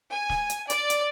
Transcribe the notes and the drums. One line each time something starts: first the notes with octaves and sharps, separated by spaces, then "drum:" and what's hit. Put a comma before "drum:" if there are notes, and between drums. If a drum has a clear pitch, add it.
G#5
drum: snare
drum: hi-hat
D5, drum: hi-hat
drum: hi-hat